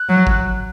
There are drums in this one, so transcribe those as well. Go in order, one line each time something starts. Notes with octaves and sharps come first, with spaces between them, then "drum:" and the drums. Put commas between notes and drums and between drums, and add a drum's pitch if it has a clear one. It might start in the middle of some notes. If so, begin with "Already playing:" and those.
Already playing: F#6
F#3
drum: kick G#1